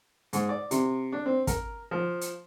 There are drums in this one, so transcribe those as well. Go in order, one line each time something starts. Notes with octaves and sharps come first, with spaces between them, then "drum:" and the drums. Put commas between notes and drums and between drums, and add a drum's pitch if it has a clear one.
G#2, drum: hi-hat
D5
C3, drum: hi-hat
D4
C4
A#4, drum: kick, hi-hat
F3
drum: hi-hat